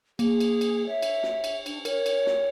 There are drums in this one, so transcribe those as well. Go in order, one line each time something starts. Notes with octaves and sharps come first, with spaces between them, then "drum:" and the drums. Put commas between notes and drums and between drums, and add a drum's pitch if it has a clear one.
A#3 G#4, drum: cymbal
drum: cymbal
drum: cymbal
C#5 E5
drum: cymbal
drum: snare
drum: cymbal
D4, drum: cymbal
A#4 C#5, drum: cymbal
drum: cymbal
drum: snare